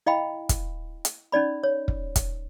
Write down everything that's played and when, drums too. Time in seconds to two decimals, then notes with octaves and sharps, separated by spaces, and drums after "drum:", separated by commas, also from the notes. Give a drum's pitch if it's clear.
0.06 E4 D#5 F5 G5 B5
0.49 drum: kick, hi-hat
1.05 drum: hi-hat
1.32 C#4 D#4 D5 B5
1.63 C#5
1.88 drum: kick
2.16 drum: kick, hi-hat